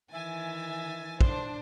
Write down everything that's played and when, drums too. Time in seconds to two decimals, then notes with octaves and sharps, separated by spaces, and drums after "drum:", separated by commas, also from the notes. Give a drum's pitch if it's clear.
0.12 D#3 E3 E5 G#5 A6
1.21 D4 C5, drum: kick